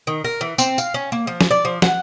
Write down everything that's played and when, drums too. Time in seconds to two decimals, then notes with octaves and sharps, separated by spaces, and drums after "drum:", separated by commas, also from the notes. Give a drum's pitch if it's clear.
0.07 D#3
0.24 A#4
0.41 E3
0.58 C4, drum: tambourine
0.78 F5, drum: tambourine
0.94 C#4
1.12 A#3
1.27 F3
1.41 drum: snare
1.51 D5
1.65 F3
1.82 F#5, drum: snare